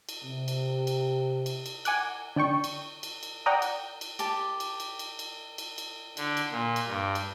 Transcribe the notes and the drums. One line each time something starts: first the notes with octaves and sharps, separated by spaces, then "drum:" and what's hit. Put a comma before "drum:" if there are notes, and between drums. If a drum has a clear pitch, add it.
drum: cymbal
C3
drum: cymbal
drum: cymbal
drum: cymbal
drum: cymbal
F#5 G#5 D6 F#6, drum: cymbal
D3 D5 G5 C#6
drum: cymbal
drum: cymbal
drum: cymbal
D5 F#5 G5 A#5 D#6
drum: cymbal
drum: cymbal
G4 A5, drum: cymbal
drum: cymbal
drum: cymbal
drum: cymbal
drum: cymbal
drum: cymbal
drum: cymbal
D3, drum: cymbal
drum: cymbal
A#2
drum: cymbal
G2
drum: cymbal